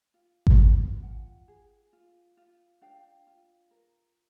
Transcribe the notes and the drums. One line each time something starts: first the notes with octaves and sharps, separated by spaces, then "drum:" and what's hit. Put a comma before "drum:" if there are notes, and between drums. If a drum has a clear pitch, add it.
F4
drum: kick G#1
F4
F4 F#5 G#5
G#4
F4
F4
D4 F5 G5
F4
A#4